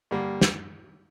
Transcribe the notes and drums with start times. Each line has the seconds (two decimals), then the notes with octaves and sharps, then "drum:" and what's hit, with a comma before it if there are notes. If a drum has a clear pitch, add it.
0.11 G2 D3 G3 A#3
0.41 drum: snare